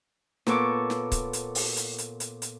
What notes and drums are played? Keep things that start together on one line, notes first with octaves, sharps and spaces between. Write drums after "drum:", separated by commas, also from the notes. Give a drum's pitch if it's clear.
A#2 B3 A4 C#5 D6, drum: snare
drum: snare
drum: kick C#1, hi-hat
drum: hi-hat
drum: open hi-hat
drum: hi-hat
drum: hi-hat
drum: hi-hat
drum: hi-hat